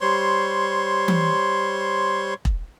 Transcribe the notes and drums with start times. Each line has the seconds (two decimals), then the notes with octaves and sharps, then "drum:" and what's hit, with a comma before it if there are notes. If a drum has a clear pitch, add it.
0.01 G3 C5 C#5 C6
1.08 drum: tom E3
2.45 drum: kick E1